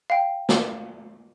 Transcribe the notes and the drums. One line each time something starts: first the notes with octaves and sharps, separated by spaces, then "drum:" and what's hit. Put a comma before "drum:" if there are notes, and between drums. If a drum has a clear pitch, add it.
F5 G5
drum: snare